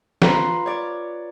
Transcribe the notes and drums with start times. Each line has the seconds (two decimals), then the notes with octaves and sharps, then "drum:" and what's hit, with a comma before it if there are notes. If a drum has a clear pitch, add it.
0.22 F4 B4 F5 A#5 C6, drum: snare
0.66 C#5 D5